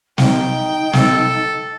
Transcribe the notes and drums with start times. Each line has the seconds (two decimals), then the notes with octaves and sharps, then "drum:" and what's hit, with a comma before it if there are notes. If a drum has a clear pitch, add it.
0.18 D#4 G5, drum: snare
0.93 A4, drum: snare